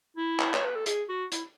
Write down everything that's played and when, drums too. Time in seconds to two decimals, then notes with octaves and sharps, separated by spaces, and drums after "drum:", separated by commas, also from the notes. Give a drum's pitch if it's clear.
0.17 E4
0.39 drum: clap
0.54 C#5, drum: clap
0.65 B4
0.75 A4
0.86 G#4, drum: hi-hat
1.09 F#4
1.32 E4, drum: hi-hat